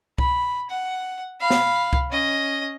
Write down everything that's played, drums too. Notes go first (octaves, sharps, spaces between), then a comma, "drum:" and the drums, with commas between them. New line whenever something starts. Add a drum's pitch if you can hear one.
B5, drum: kick C2
F#5
F5 B5
drum: snare
drum: kick C2
C#4 D#5